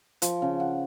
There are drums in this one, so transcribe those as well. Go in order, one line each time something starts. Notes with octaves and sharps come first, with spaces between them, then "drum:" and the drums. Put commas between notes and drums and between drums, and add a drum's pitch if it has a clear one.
F3, drum: hi-hat
C#3
F#5